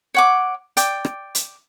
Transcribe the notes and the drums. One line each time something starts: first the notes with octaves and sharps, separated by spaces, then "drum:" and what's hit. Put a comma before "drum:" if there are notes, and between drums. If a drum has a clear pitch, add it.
C#5 F#5 D6
D5 G5 D6, drum: hi-hat
drum: rim click
drum: hi-hat